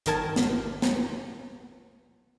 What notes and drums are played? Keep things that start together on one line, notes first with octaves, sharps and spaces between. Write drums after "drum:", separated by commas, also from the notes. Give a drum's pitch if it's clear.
G1 D#3 A#4 A5 G#6, drum: hi-hat
drum: snare
drum: snare